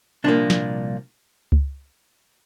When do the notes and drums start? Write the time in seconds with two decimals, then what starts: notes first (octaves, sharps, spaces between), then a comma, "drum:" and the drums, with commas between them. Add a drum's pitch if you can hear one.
0.24 C2 A#2 F3 A#3 D4
0.50 drum: snare
1.52 drum: kick C#2